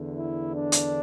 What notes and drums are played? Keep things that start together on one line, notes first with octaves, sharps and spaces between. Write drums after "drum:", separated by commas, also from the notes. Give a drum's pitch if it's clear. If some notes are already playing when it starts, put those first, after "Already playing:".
Already playing: E2 D3
E4
D4
drum: hi-hat